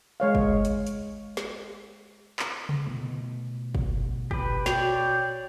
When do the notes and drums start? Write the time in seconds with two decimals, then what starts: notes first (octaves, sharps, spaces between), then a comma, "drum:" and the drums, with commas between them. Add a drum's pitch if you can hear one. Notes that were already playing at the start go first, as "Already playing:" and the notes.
0.20 G#3 C#5 F5
0.35 drum: kick
0.65 drum: hi-hat
0.86 drum: hi-hat
1.37 drum: snare
2.39 drum: clap
2.69 drum: tom C3
2.87 B2 A3
3.75 drum: kick
4.31 G4 B4, drum: kick
4.66 F#4 C#5 D5 G5 F7, drum: snare